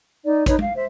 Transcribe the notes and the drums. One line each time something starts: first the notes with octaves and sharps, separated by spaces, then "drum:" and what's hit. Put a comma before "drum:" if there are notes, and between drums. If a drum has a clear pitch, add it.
D#4 D5
D#4 B4 C#5, drum: kick A1, hi-hat
F5, drum: tom
C5 E5